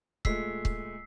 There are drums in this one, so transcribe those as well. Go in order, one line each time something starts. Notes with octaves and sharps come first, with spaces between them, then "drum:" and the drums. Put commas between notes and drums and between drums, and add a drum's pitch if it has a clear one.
A#2 G#3 A3 E6 B6 C7, drum: kick C#1
drum: kick C#1